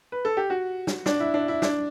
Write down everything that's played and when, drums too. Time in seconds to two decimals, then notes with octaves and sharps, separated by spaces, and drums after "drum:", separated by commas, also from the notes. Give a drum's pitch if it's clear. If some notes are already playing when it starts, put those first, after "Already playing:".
0.12 B4
0.25 A4
0.37 G4
0.50 F#4
0.87 drum: snare
1.06 D4, drum: snare
1.20 E4
1.34 D4
1.48 E4
1.62 D4, drum: snare